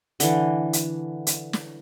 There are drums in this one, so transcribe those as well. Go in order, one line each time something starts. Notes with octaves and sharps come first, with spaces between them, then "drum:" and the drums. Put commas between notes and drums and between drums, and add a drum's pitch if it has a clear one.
D3 E3, drum: hi-hat
drum: hi-hat
drum: hi-hat
drum: snare